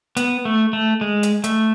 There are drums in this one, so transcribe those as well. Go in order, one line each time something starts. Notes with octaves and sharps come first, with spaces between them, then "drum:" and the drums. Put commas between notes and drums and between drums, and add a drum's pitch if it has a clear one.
B3, drum: hi-hat
A3
A3
G#3
drum: hi-hat
A3, drum: hi-hat